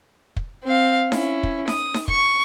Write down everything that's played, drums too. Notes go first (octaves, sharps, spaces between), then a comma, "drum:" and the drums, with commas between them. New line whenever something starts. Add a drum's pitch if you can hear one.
drum: kick
C4 F5
C#4 E4, drum: snare D#4
drum: kick
D#6, drum: snare D#4
drum: snare D#4
C#6, drum: kick